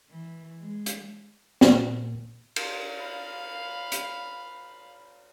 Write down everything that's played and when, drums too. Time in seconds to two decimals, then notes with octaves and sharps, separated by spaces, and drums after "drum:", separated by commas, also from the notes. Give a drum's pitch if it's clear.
0.10 E3
0.59 G#3
0.86 drum: hi-hat
1.61 A#2, drum: snare
2.56 drum: cymbal
2.97 F5 B5
3.92 drum: hi-hat